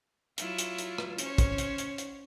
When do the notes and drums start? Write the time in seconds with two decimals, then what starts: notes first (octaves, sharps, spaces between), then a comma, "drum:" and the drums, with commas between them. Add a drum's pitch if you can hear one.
0.38 F#3 E4 F4, drum: hi-hat
0.58 drum: hi-hat
0.78 drum: hi-hat
0.98 drum: rim click
1.18 C#4 C5 C#5, drum: hi-hat
1.38 drum: kick, hi-hat
1.58 drum: hi-hat
1.78 drum: hi-hat
1.98 drum: hi-hat